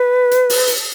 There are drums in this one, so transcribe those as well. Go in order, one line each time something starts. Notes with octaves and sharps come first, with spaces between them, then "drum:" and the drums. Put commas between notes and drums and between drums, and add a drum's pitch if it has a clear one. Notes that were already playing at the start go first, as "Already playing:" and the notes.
Already playing: B4
drum: hi-hat
drum: open hi-hat
drum: hi-hat